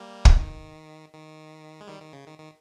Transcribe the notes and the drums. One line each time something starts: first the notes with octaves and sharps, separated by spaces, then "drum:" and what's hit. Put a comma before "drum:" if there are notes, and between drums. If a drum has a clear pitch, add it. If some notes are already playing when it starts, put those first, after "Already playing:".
Already playing: G3 A#3
drum: kick
D#3
D#3
G#3
D#3 G3
D#3
C#3
D#3
D#3